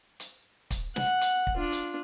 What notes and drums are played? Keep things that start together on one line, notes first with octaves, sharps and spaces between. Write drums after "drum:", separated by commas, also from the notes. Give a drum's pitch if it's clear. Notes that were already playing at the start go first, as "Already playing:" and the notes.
drum: hi-hat
drum: kick, hi-hat
F#5, drum: snare
drum: hi-hat
drum: kick
D4 F4
drum: hi-hat